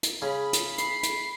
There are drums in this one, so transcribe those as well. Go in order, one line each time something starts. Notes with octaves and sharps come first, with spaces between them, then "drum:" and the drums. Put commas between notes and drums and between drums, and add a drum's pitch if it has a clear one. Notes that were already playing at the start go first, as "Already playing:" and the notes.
drum: hi-hat
C#3 B5
drum: hi-hat
C7, drum: hi-hat
drum: hi-hat